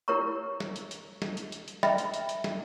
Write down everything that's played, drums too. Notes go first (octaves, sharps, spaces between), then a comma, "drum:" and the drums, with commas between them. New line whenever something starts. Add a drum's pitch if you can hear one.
E4 G4 A#4 C#5 A#5 C#6
drum: snare
drum: hi-hat
drum: hi-hat
drum: snare
drum: hi-hat
drum: hi-hat
drum: hi-hat
D#5 E5 G5 A#5 B5, drum: snare
drum: hi-hat
drum: hi-hat
drum: hi-hat
drum: snare